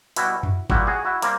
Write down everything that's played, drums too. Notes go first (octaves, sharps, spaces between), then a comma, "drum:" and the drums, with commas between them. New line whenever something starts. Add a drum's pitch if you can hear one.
B2 G3 E4 F#4, drum: hi-hat
drum: tom F2
A#2 G3 E4 F#4, drum: kick
F#4 G#4
E4 F#4
G3 A#3 C4, drum: hi-hat